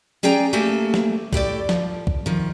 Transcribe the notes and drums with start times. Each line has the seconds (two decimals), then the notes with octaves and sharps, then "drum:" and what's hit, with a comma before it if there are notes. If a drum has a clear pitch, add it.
0.23 C#4 G#4 D5 G5 A#5
0.53 A3 A#3 G4 A4 G#5
0.94 drum: snare
1.33 A2 G4 A4 D5, drum: kick
1.69 F3, drum: snare
2.07 drum: kick
2.26 D#3 F3